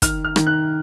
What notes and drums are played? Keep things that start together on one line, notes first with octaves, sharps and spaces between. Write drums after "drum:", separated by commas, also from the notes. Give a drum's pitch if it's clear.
D#3 F6, drum: kick, hi-hat
F6
D#3, drum: rim click
F#6